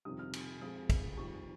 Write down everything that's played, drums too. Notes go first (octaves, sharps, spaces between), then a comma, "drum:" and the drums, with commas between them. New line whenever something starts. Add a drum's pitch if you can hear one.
F2 C3 D#3 G3 D#6
F6
drum: cymbal
F2 C3 F3 G#3 D#6
drum: kick, cymbal
F1 F2 D#3 G3 C#6